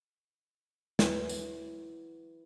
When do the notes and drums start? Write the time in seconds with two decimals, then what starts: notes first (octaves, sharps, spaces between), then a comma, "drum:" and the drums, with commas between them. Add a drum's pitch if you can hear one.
0.99 E3 F#3, drum: snare
1.29 drum: tambourine